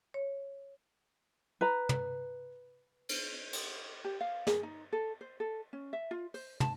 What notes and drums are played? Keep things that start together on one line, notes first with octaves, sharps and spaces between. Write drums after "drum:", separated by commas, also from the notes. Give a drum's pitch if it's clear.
C#5
B4 A#5
drum: tom
drum: cymbal
drum: cymbal
G4
F5
G#4, drum: snare
D#4
A4
C5
A4
C#4
E5
F4
C5, drum: open hi-hat
A5, drum: tom